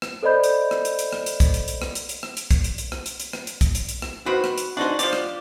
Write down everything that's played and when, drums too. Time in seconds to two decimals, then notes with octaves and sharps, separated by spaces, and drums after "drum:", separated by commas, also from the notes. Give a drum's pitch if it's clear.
0.02 drum: rim click
0.23 A4 C5 D5 D#5 B5 G6
0.44 drum: hi-hat
0.71 drum: rim click
0.85 drum: hi-hat
0.99 drum: hi-hat
1.13 drum: rim click
1.26 drum: hi-hat
1.40 drum: kick, hi-hat
1.54 drum: hi-hat
1.68 drum: hi-hat
1.82 drum: rim click
1.95 drum: hi-hat
2.09 drum: hi-hat
2.23 drum: rim click
2.37 drum: hi-hat
2.51 drum: kick, hi-hat
2.64 drum: hi-hat
2.78 drum: hi-hat
2.92 drum: rim click
3.06 drum: hi-hat
3.20 drum: hi-hat
3.33 drum: rim click
3.47 drum: hi-hat
3.61 drum: kick, hi-hat
3.75 drum: hi-hat
3.89 drum: hi-hat
4.02 drum: rim click
4.26 D#3 C4 F#4 B4
4.44 drum: rim click
4.58 drum: hi-hat
4.77 D4 D#4 F#4 C5
4.99 F3 G4 D5, drum: hi-hat
5.13 drum: rim click